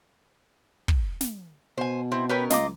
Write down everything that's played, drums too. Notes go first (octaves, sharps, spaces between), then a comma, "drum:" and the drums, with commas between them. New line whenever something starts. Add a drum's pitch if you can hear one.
drum: kick
drum: snare
B2 C5 G#5
C4 E4
B3 C#4 A#4 B4 G5 B5
C#2 F4 D#5 A#5 D6, drum: snare